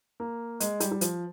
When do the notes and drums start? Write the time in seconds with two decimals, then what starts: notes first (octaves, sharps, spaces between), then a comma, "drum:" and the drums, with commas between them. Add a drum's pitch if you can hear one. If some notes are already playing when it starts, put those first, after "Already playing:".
0.20 A#3
0.60 G#3, drum: hi-hat
0.80 G3, drum: hi-hat
0.92 G3
1.01 F3, drum: hi-hat